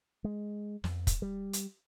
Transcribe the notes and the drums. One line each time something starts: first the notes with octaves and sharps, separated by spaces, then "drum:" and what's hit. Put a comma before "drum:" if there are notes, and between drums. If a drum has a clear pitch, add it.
G#3
F2, drum: snare
drum: kick, hi-hat
G3
drum: hi-hat